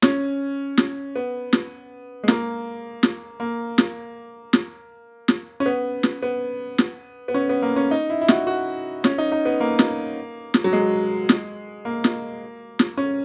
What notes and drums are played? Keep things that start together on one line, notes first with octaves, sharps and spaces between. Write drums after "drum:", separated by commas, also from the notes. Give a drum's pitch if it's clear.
C#4, drum: snare
drum: snare
B3
drum: snare
G#3
A#3, drum: snare
drum: snare
A#3
drum: snare
drum: snare
drum: snare
C#4
B3
drum: snare
B3
drum: snare
B3
C#4
B3
A#3
C#4
D#4
E4
E4
F#4, drum: snare
F#4
C#4, drum: snare
D#4
D#4
B3
A#3
drum: snare
drum: snare
F#3
G#3
drum: snare
A#3
drum: snare
drum: snare
C#4